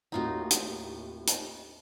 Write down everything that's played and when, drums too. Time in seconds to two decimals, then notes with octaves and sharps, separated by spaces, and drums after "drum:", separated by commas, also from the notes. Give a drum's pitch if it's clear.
0.12 D#2 A2 C4 D#4 F4 F#4
0.51 drum: hi-hat
1.27 drum: hi-hat